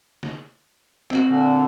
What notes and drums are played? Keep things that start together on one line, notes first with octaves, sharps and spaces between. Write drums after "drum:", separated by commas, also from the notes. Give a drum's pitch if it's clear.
drum: snare
C4 F#4, drum: clap
A#2 D3